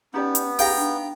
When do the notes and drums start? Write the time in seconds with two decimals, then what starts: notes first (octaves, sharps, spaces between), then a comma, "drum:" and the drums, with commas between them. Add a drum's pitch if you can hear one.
0.14 B3 C#4 D#4 G4 D5
0.35 drum: hi-hat
0.59 D#4 G4 G#4 F5 G5 A#5, drum: open hi-hat
0.77 D4